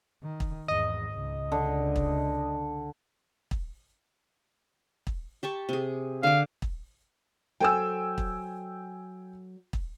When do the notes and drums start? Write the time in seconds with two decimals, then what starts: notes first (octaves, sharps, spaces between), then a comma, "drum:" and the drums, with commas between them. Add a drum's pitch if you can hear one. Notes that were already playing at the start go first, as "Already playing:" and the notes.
0.23 D#3
0.40 drum: kick
0.68 G#1 E2 D#5
1.13 C#2
1.52 D3
1.96 drum: kick
3.51 drum: kick
5.07 drum: kick
5.43 G4 A5 C#6
5.69 C3 G#4
6.23 D3 F5 D6
6.62 drum: kick
7.60 F#3 A4 C5 G5 G#5 E6
8.18 drum: kick
9.73 drum: kick